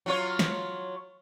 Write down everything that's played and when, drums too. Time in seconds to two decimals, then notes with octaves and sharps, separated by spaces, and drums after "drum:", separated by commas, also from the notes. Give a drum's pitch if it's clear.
0.06 F#3 F4 C#5
0.39 drum: snare